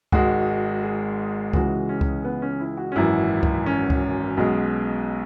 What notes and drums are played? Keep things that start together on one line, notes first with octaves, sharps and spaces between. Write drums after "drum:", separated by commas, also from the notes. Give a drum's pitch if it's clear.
G#1 G#2 G#3 F#4, drum: kick C#2
G#4
C#2 C#3 E3 G#3 F#4, drum: kick C#2
C#4
drum: kick C#2
B3
C#4
E4
F#4
C#4
G#1 F#2 E3 E4
drum: kick C#2
C#4
drum: kick C#2
B1 B2 G#3